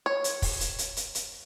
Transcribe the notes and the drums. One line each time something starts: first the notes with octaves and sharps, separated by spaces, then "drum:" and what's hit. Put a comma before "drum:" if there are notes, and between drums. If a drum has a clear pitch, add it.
C#5
drum: hi-hat
drum: kick, open hi-hat
drum: hi-hat
drum: hi-hat
drum: hi-hat
drum: hi-hat